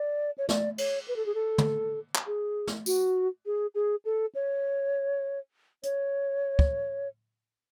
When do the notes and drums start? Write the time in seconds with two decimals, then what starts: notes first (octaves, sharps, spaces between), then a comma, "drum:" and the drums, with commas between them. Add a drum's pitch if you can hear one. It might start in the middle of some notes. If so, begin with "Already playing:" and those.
Already playing: D5
0.38 C#5
0.49 D5, drum: snare
0.78 C#5, drum: cymbal
1.08 B4
1.16 A4
1.26 G#4
1.34 A4
1.58 drum: tom
2.15 drum: clap
2.26 G#4
2.67 drum: snare
2.86 F#4, drum: tambourine
3.46 G#4
3.75 G#4
4.05 A4
4.35 C#5
5.83 C#5, drum: hi-hat
6.59 drum: kick